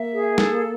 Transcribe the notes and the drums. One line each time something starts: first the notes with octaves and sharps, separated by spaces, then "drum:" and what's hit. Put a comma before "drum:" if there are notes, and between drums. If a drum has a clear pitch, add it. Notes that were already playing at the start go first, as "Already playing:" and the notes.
Already playing: A#3 E5
G#4
A4, drum: snare